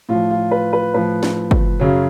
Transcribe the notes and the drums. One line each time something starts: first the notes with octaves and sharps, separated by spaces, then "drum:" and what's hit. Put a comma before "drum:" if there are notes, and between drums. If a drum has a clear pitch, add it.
A2 F3 F4
F4
B4
B4
A2 F3 B4
drum: snare
drum: kick
F#2 C#3 F#3